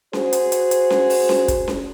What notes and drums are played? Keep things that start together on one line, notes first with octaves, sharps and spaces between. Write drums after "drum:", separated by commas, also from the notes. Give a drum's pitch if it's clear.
F#4 G#4 C5, drum: snare C#4
drum: hi-hat
drum: hi-hat
drum: hi-hat
drum: snare C#4
drum: open hi-hat
drum: snare C#4
drum: kick, hi-hat
drum: snare C#4